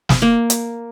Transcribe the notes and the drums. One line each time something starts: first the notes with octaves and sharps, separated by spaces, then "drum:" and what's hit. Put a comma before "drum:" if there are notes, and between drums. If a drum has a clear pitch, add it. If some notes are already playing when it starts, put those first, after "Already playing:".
drum: snare
A#3
drum: hi-hat